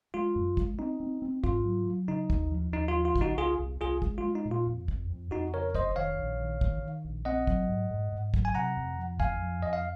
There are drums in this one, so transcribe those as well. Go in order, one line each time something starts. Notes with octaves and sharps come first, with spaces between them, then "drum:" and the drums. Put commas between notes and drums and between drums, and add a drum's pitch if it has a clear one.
G#3 F4
F#2
G#3, drum: kick
C4 D#4
C4
C4
G#2 F4, drum: kick
F#3
F#3
C#3 D#4
D#2, drum: kick
F3
D#2 D#4
F4
F3
F4
C#3, drum: kick
D#4 F#4
C2 F4 G#4
C2
C2 F4 G#4
G#3, drum: kick
F4
G#3
D#4
A#2
F4
F2
F2, drum: kick
F2
F2 D#4 F#4
C#3 A#4 C#5
F1 C5 D#5, drum: kick
D#3 C#5 F5
A#1
D#3
D#3, drum: kick
D#3
A#1
C4 D#5 F#5
F#3, drum: kick
G#2
G#2
G#2
F#3, drum: kick
G#5
C3 F#5 A#5
F2
F3
F2 F5 G#5, drum: kick
F3
F2 D#5
F5